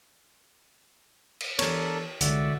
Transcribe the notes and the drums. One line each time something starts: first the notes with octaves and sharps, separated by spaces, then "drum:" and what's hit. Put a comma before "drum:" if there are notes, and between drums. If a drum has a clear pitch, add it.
drum: cymbal
E3 B3 D4 A4 A#4 C#5, drum: cymbal
C2 D3 G3 G#3 F#4 D5 E5, drum: hi-hat